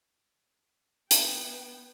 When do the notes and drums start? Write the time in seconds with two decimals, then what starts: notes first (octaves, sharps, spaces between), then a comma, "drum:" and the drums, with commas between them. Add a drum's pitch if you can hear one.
1.11 B3 G5, drum: hi-hat